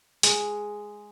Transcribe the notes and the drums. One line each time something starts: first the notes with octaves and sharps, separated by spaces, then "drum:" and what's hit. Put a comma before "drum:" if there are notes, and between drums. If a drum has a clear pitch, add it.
G#3, drum: hi-hat